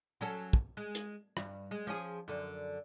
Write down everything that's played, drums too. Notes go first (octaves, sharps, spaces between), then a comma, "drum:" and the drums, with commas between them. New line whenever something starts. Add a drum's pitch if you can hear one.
F#3 C#4 A4
drum: kick
G#3
drum: hi-hat
G2, drum: rim click
G#3
F3 C#4 G#4
F#2 D3